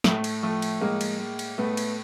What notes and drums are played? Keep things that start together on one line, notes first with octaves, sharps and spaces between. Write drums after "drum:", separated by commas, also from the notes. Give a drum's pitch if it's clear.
A2 A3, drum: snare
drum: cymbal
F3 A3
drum: cymbal
A2 G#3 A#3
drum: cymbal
G#3
drum: cymbal
A2 A3 B3
drum: cymbal